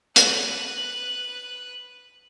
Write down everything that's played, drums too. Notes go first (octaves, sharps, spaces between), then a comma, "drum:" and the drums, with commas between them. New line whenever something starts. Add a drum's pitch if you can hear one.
B4 F#6, drum: hi-hat